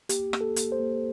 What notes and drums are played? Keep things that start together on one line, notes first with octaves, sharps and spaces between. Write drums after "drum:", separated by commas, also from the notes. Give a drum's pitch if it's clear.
A#3 G4, drum: hi-hat
A#3, drum: rim click
A4
A#3, drum: hi-hat
C5
A#3